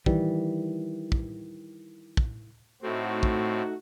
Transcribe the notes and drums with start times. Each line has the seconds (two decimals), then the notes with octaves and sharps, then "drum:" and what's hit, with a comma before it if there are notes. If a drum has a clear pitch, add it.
0.06 D#3 E3 G3, drum: kick
1.12 drum: kick
2.17 drum: kick
2.82 A2 A3 C4 D#4 F#4
3.23 drum: kick